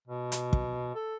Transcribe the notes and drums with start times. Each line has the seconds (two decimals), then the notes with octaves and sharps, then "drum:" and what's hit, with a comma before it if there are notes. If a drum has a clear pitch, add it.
0.08 B2
0.32 drum: hi-hat
0.53 drum: kick
0.95 A4